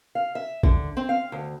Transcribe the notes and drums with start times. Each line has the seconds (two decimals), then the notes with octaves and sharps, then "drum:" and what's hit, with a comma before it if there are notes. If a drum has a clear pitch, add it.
0.15 F5
0.35 E5
0.63 D3, drum: kick A#1
0.97 C4
1.09 F5
1.32 D2